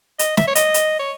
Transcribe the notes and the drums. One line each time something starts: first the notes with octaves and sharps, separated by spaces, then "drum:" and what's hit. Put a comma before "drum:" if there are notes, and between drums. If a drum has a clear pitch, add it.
D#5, drum: hi-hat
E5, drum: snare
C#5
D#5, drum: hi-hat
drum: hi-hat
C#5